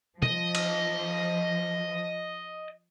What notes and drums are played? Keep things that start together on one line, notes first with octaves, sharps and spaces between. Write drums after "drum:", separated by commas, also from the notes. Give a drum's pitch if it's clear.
F3 D#5, drum: tom
drum: cymbal